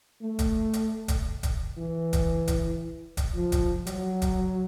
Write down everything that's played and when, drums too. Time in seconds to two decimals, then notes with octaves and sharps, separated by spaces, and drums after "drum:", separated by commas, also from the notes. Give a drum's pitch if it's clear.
0.21 A3
0.39 drum: kick, hi-hat
0.73 drum: hi-hat
1.08 drum: kick, hi-hat
1.43 drum: kick, hi-hat
1.78 E3
2.13 drum: kick, hi-hat
2.48 drum: kick, hi-hat
3.17 drum: kick, hi-hat
3.35 F3
3.52 drum: kick, hi-hat
3.87 F#3, drum: hi-hat
4.22 drum: kick, hi-hat